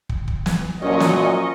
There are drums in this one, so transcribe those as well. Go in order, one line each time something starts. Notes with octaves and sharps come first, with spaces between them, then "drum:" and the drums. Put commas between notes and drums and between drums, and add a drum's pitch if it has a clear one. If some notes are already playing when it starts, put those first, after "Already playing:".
drum: kick
drum: kick
drum: snare
F#2 A#2 F3 C#4 D#5 C#6
drum: snare